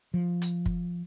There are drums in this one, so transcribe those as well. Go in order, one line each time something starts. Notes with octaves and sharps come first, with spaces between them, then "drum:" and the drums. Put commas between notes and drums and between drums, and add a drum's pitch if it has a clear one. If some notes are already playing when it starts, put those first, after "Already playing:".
F3
drum: hi-hat
drum: kick